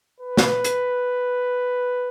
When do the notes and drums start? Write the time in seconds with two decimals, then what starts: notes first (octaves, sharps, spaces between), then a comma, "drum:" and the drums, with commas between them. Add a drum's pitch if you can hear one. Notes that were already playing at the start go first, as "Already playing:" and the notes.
0.20 B4
0.37 drum: snare
0.64 drum: hi-hat